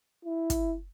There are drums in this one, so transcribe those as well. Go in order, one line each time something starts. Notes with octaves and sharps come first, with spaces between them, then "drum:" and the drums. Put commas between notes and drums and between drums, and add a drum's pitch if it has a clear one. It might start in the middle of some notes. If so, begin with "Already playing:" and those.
E4
drum: kick, hi-hat